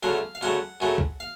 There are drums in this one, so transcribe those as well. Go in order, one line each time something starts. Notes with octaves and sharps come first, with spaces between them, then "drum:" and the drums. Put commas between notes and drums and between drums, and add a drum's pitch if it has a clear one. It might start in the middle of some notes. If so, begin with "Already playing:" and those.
D2 C#3 F#3 A3 F5
F5
D2 C#3 F#3 A3 F#5
F#2 C#3 F#3 A3
drum: kick C2
F5